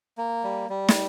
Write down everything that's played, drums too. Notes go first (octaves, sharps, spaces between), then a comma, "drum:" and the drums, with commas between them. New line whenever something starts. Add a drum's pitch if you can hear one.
A#3
G3
G3
drum: snare